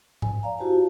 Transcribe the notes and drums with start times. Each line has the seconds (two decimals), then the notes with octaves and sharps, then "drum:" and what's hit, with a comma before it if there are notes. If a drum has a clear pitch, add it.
0.22 G#5, drum: tom G#2
0.43 D5 F5 A#5
0.58 E4 F#4 G4 C5 F5 A5
0.73 F4